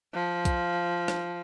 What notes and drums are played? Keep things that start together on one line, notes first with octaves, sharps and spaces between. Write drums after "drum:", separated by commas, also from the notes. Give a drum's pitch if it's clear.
F3
drum: kick B1, hi-hat
drum: rim click